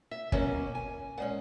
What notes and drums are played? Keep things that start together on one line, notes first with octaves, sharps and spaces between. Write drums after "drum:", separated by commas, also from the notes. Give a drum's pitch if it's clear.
E5
B2 F#3 A#3 C#4 G#5, drum: kick
G#5
A#2 G#3 C#4 F#5